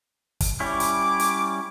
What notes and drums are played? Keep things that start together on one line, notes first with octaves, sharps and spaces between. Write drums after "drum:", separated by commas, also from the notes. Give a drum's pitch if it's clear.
drum: kick, hi-hat
G3 C#4 E4 D6
drum: hi-hat
drum: hi-hat